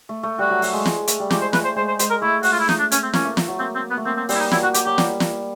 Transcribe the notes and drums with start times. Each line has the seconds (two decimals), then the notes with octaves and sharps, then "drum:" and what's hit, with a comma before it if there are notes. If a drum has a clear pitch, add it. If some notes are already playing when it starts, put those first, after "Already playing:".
0.09 A3
0.23 A3
0.39 G3 F#4
0.50 F#3
0.62 F#3, drum: open hi-hat
0.73 G#3
0.85 G#3, drum: snare
1.07 A3, drum: hi-hat
1.20 G3
1.31 G#3 G4, drum: snare
1.42 C5
1.53 A3 B4, drum: snare
1.64 C5
1.76 G#3 C5
1.88 C5
1.99 G#3 C5, drum: hi-hat
2.10 A#4
2.22 A3 E4
2.43 F#4, drum: open hi-hat
2.52 F4
2.60 E4
2.69 D#4, drum: snare
2.79 D4
2.92 C#4, drum: hi-hat
3.03 C4
3.13 A#3 C#4, drum: snare
3.25 A3
3.37 drum: snare
3.48 F#3
3.59 A#3 C4
3.75 C4
3.90 B3
3.97 A3
4.05 A#3 C4
4.17 C4
4.29 G3 C4, drum: open hi-hat
4.35 E4
4.40 D#4
4.51 F#3 E4, drum: snare
4.63 F#3 F#4
4.74 F#3 G4, drum: hi-hat
4.86 F#3 G4
4.98 G3, drum: snare
5.20 drum: snare